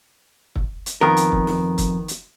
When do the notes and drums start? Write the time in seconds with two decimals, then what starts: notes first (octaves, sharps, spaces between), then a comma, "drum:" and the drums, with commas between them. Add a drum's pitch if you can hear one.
0.56 drum: kick
0.86 drum: hi-hat
1.01 F2 D#3 B3 A#4 G5
1.17 drum: hi-hat
1.32 drum: kick
1.47 drum: snare
1.78 drum: kick, hi-hat
2.08 drum: hi-hat